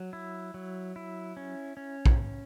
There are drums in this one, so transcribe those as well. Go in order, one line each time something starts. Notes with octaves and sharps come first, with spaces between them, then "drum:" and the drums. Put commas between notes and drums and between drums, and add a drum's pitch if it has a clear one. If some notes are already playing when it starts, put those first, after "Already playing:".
Already playing: F#3
E4
F#3
E4
C#4
C#4
drum: kick